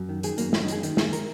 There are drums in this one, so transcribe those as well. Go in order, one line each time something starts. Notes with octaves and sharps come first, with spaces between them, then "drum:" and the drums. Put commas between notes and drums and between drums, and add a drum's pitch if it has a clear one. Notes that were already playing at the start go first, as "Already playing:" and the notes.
Already playing: F#2
D#3
D#3 G#4, drum: hi-hat
F#2 A#3, drum: hi-hat
F#2 C#4, drum: snare
D#4
D#3 G#4, drum: hi-hat
D#3, drum: hi-hat
F#2 G#4, drum: snare
A#4, drum: hi-hat